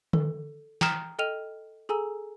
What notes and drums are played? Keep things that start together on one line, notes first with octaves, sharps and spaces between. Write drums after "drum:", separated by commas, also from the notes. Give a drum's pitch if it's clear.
A4, drum: tom D3
G5 A#5 D#6 F6 E7, drum: snare
A4 D#5 G5 F6 D#7 F7
G#4 A4 G#5 A#5 E6